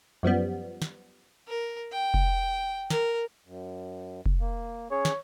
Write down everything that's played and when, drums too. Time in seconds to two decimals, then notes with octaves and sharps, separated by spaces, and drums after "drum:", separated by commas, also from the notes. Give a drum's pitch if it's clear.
0.23 F#2 F3 G3 B3
0.82 drum: snare
1.48 A#4
1.92 G5
2.14 drum: kick F1
2.90 A#4, drum: snare
3.46 F#2
4.26 drum: kick F1
4.40 A#3
4.91 C#4 G#4 C#5
5.05 drum: snare